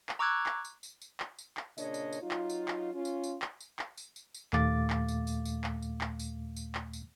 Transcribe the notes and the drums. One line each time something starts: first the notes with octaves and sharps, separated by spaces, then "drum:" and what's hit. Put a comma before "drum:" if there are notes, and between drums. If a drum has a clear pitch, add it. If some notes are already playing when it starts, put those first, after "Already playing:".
drum: clap
A#5 C#6 D6 E6 F#6 G#6
drum: clap
drum: tambourine
drum: tambourine
drum: tambourine
drum: clap
drum: tambourine
drum: clap
A#2 C#3 D4 C#5 D#5, drum: tambourine
drum: tambourine
drum: tambourine
F#3 D#4 F4
drum: clap
drum: tambourine
drum: clap
C#4 F4
drum: tambourine
drum: tambourine
drum: clap
drum: tambourine
drum: clap
drum: tambourine
drum: tambourine
drum: tambourine
D#2 A#2 A3 F5 D6 A6, drum: clap
drum: clap
drum: tambourine
drum: tambourine
drum: tambourine
drum: clap
drum: tambourine
drum: clap
drum: tambourine
drum: tambourine
drum: clap
drum: tambourine